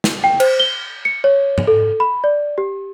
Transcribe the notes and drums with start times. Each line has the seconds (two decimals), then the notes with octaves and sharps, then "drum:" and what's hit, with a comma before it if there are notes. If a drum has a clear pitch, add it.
0.04 drum: snare
0.24 G5
0.40 C5, drum: cymbal
0.60 G7
1.05 C#7
1.24 C#5
1.58 drum: tom G#2
1.67 A4
2.00 B5
2.24 D5
2.58 G4